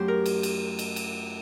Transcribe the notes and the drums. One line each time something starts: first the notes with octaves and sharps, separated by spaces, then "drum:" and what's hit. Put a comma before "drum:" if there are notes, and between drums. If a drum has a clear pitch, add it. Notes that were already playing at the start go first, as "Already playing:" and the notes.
Already playing: F#2 F#3 A3 G4 C5
A#4
drum: cymbal
drum: cymbal
drum: cymbal
drum: cymbal